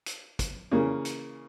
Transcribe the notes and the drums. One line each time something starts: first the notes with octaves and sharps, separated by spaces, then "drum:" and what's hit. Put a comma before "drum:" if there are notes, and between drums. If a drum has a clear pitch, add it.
drum: hi-hat
drum: kick, hi-hat
C#3 E3 A#3
drum: hi-hat